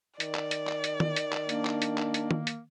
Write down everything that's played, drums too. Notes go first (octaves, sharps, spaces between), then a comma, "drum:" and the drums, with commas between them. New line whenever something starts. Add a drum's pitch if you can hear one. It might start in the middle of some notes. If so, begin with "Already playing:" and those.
D#3 D5, drum: hi-hat
drum: clap
drum: hi-hat
drum: clap
drum: hi-hat
drum: tom D#3
drum: hi-hat
drum: clap
A#3 D4, drum: hi-hat
drum: clap
drum: hi-hat
drum: clap
drum: hi-hat
drum: tom D#3
drum: hi-hat